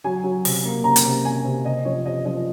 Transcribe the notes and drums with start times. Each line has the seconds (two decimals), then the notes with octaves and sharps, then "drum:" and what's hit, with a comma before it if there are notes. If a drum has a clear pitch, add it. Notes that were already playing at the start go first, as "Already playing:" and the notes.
0.04 F#3 G#5
0.24 F#3
0.45 C3, drum: open hi-hat
0.65 A#3
0.84 C3 A#5
0.96 drum: hi-hat
1.05 C3
1.25 C3 G#5
1.45 C3
1.65 C3 D#5
1.85 F3 C#5
2.05 C3 D#5
2.25 F3 D#5